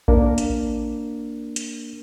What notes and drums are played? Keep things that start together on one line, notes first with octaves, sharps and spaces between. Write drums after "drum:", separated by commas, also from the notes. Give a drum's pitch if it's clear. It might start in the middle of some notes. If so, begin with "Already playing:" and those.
A#3 D4 A#4, drum: kick A1
drum: hi-hat
drum: hi-hat